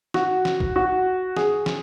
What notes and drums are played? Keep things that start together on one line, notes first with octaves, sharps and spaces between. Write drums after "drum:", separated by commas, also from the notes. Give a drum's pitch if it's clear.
F#4, drum: snare
drum: snare
drum: kick
F#4
G#4, drum: snare
drum: snare